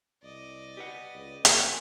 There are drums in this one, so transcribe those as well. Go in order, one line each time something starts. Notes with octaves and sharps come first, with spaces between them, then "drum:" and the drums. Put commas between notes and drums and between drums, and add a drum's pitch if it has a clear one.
C2 D5 D#5
G4 B4 F#5
C#2
A#3 F#4 A#4 C5 G#5, drum: hi-hat